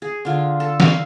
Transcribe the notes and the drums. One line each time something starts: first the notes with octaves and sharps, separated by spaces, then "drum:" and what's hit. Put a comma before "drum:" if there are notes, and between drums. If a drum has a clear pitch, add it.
G#4
D3 F4
A4
F5, drum: snare